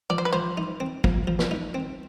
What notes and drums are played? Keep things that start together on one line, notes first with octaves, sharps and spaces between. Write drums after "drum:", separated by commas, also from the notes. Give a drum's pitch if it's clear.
F3 D5
C5
B4
F3 C5
D#4
C4
F3, drum: kick
F3
drum: snare
D#4
C4